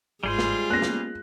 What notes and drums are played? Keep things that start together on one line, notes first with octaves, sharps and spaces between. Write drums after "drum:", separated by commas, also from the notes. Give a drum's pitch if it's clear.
G1 G#2 G3 G#3 F4 G#4 C5
drum: snare
A#3 B3 C#4 F#6 A#6
drum: snare